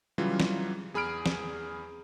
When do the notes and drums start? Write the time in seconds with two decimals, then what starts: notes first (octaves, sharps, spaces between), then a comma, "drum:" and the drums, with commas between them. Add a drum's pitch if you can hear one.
0.18 C#3 E3 F#3 G3 F4
0.40 drum: snare
0.94 E2 G#4 B5 F6 D7
1.26 drum: snare